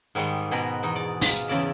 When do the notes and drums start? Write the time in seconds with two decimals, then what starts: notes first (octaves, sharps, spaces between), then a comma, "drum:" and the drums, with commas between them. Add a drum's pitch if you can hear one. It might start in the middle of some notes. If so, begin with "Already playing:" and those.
0.15 G#2 D#3 G3 G#3
0.51 B2 G#3 G#4 A#4 B4
0.83 E2 D#4
0.96 D5
1.21 G#3 F4, drum: open hi-hat
1.48 E2 C#3 D5 E5